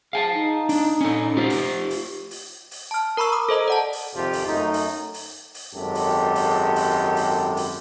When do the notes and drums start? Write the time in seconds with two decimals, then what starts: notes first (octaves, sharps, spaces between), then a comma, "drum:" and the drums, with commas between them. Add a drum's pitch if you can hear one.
0.13 G#4 F5 G#5 A5
0.34 D#4
0.69 D4, drum: open hi-hat
1.01 C#4 A4
1.37 F4 G4 C5
1.50 drum: open hi-hat
1.90 drum: open hi-hat
2.31 drum: open hi-hat
2.71 drum: open hi-hat
2.91 A5 F6
3.17 A#4 A#5 B5 C#6 E6
3.32 D6 D#6
3.49 A4 C5 D#5 A#5
3.68 D5 F#5 A5
3.93 drum: open hi-hat
4.14 G#1 F2 C3 F4 G4
4.33 drum: open hi-hat
4.47 F#2 A3 D#4
4.74 drum: open hi-hat
5.14 drum: open hi-hat
5.55 drum: open hi-hat
5.74 G#1 F#2 G#3 G4 A4
5.95 drum: open hi-hat
6.35 drum: open hi-hat
6.76 drum: open hi-hat
7.16 drum: open hi-hat
7.57 drum: open hi-hat